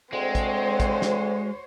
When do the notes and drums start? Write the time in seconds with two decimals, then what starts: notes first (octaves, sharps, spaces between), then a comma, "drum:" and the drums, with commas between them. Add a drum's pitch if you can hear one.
0.13 D2 G#3 C4 F#4 C5 C#5
0.35 drum: kick, hi-hat
0.80 drum: kick, hi-hat
1.02 drum: snare